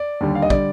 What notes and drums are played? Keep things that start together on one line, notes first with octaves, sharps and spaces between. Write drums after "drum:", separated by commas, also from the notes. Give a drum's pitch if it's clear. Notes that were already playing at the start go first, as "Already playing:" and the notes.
Already playing: D5
D#2 D3 G3
F5
D#5
D3 G3 D5, drum: kick